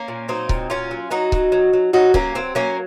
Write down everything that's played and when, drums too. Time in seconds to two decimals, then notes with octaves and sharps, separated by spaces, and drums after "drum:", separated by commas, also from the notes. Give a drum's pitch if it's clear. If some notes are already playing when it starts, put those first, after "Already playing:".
Already playing: A#3 C#4
0.08 A#2
0.28 F#3 C4 D#4
0.49 A#2, drum: kick C#1
0.70 F#3 C#4 F4
0.91 F#3
1.11 F#3 D#4 F#4
1.32 F#3, drum: kick C#1
1.52 F#3
1.73 F#3
1.93 F#3 D#4 F#4
2.14 F#3 A#3 C#4, drum: kick C#1
2.35 F#3 C4
2.55 F#3 A#3 C#4